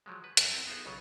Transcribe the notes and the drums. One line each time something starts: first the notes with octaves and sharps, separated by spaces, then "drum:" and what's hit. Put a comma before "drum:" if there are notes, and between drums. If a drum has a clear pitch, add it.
F3 F#3 G#3
B4
F#2 A4 A#4 G#5, drum: hi-hat
C4 E4 A#4 G5 A5
B3 D#4 F4 G#4 A4 C5
B1 C#3 F#3 C#5 G#5